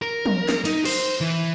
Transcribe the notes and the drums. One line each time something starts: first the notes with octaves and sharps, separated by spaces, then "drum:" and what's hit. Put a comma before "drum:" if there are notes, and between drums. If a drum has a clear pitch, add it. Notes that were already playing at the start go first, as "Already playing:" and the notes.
A#4
drum: tom
drum: snare
D#4, drum: cymbal
C5, drum: cymbal
E3